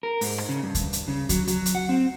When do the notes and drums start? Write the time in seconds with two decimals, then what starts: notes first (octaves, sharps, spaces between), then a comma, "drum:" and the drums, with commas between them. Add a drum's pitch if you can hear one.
0.03 A#4
0.21 G#2, drum: open hi-hat
0.38 drum: rim click
0.49 C#3
0.63 G2
0.75 drum: kick D2, hi-hat
0.93 drum: hi-hat
1.08 C#3
1.29 F#3, drum: kick D2, hi-hat
1.47 F#3, drum: hi-hat
1.66 drum: hi-hat
1.75 F#5
1.89 C4